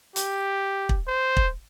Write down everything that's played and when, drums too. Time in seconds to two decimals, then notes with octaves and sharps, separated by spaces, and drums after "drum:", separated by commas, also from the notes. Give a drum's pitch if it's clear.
0.16 G4, drum: hi-hat
0.89 drum: kick
1.07 C5
1.37 drum: kick